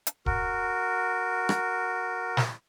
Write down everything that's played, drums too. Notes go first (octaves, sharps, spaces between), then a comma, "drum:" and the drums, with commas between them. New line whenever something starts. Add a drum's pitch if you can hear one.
drum: hi-hat
F#4 A#4, drum: kick
drum: rim click
drum: snare